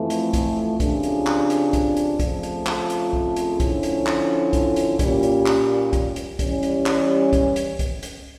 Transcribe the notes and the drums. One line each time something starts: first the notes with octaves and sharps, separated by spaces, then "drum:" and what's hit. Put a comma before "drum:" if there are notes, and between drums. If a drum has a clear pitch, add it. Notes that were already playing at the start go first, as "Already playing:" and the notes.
Already playing: F2 E3 A3
drum: hi-hat
drum: kick, hi-hat
F2 C#3 G3 D4, drum: kick, hi-hat
drum: hi-hat
drum: clap
drum: hi-hat
drum: kick, hi-hat
drum: hi-hat
F2 C#3 F3 A3, drum: kick, hi-hat
drum: hi-hat
drum: clap
drum: hi-hat
drum: kick
drum: hi-hat
D3 F3 C#4 E4, drum: kick, hi-hat
drum: hi-hat
drum: clap
drum: kick, hi-hat
drum: hi-hat
A#2 G3 C#4, drum: kick, hi-hat
drum: hi-hat
drum: clap
drum: kick, hi-hat
drum: hi-hat
E3 G3 C#4, drum: kick, hi-hat
drum: hi-hat
drum: clap
drum: kick, hi-hat
drum: hi-hat
drum: kick, hi-hat
drum: hi-hat